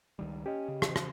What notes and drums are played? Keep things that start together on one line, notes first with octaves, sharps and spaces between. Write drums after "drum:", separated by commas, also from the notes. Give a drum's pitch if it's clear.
C#2 D#3 G3
C#4 G4 D#5
C#3
drum: rim click
drum: rim click